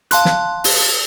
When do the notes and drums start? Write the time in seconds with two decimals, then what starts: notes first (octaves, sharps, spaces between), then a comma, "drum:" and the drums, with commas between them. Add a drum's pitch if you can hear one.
0.11 F5 A5 C6 F#6, drum: hi-hat
0.25 drum: snare
0.64 drum: open hi-hat